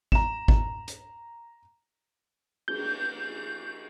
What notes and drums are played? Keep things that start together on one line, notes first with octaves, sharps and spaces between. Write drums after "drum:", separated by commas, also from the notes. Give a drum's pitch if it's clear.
A#5 E7, drum: kick G#1
drum: kick G#1
drum: hi-hat
G6, drum: cymbal